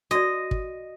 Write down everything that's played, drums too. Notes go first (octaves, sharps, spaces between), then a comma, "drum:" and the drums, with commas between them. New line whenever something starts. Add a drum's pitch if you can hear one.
F#4 D5 D#5
drum: kick